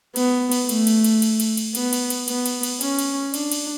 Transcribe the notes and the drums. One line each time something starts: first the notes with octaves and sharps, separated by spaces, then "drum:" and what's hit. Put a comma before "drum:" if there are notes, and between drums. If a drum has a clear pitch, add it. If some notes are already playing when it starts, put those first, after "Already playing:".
B3, drum: cymbal
drum: cymbal
A3, drum: cymbal
drum: cymbal
drum: cymbal
drum: cymbal
drum: cymbal
drum: cymbal
B3, drum: cymbal
drum: cymbal
drum: cymbal
B3, drum: cymbal
drum: cymbal
drum: cymbal
C#4, drum: cymbal
drum: cymbal
D4, drum: cymbal
drum: cymbal